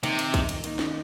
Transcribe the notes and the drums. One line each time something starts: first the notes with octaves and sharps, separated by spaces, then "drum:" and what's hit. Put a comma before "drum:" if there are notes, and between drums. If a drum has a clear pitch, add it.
C3 D#3 A#3 D#4, drum: cymbal
drum: cymbal
drum: kick, cymbal
drum: cymbal
D#3 A#3 D#4, drum: cymbal
drum: snare